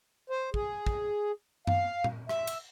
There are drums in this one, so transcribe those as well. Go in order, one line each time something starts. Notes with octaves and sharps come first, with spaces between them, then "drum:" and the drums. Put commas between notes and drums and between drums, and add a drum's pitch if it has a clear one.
C5
G#4, drum: kick
drum: kick
F5, drum: tom F#2
drum: tom A#2
E5, drum: rim click
drum: cymbal